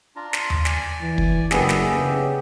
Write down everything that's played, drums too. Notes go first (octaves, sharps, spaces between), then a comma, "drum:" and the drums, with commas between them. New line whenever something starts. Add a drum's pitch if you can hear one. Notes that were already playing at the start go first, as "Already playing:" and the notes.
D4 F4 A#5
drum: snare
drum: tom D#2
D5 G#5, drum: snare
E3
drum: kick
F#1 B3 D4 G4 G#4 E5, drum: snare
drum: snare
C#3